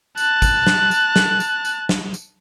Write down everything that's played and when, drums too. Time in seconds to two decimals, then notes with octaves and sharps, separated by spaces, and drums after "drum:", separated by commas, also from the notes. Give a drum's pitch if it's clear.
0.17 A5 F#6, drum: tambourine
0.42 drum: kick, tambourine
0.67 drum: snare
0.91 drum: tambourine
1.16 drum: snare
1.40 drum: tambourine
1.65 drum: tambourine
1.89 drum: snare
2.14 drum: tambourine